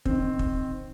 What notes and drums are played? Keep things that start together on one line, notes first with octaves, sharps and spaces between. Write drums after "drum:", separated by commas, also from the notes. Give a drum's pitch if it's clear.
D#3 C4, drum: kick
drum: kick